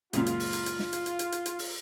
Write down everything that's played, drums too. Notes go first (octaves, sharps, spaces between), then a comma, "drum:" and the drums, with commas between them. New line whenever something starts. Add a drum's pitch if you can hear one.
C#2 F#2 A#2 F4, drum: hi-hat
drum: hi-hat
drum: open hi-hat
drum: hi-hat
drum: hi-hat
drum: snare
drum: hi-hat
drum: hi-hat
drum: hi-hat
drum: hi-hat
drum: hi-hat
drum: open hi-hat